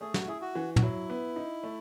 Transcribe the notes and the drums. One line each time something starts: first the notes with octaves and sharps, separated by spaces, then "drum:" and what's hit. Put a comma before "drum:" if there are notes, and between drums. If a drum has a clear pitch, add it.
A3 G#4
F#4, drum: snare
E4 G#4
F#4
E3
F#4, drum: tom
F#3 E4
B3
D#4
A3